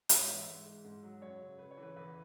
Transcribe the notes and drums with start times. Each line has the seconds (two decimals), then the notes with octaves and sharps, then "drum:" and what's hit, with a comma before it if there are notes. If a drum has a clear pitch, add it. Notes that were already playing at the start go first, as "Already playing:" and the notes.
0.09 G#2 C#5, drum: hi-hat
0.28 E3 E5
0.47 G#2
0.66 G#3
0.84 G#2
1.03 F#3
1.21 F#2 C#5
1.40 C#3
1.59 C#3 B4
1.71 C#5
1.77 E3
1.83 B4
1.96 E2 B4